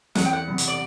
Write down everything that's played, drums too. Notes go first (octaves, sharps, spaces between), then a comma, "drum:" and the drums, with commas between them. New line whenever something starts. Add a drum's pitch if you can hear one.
E2 F#5, drum: snare
G5
F#5
C3 G3
drum: hi-hat
D5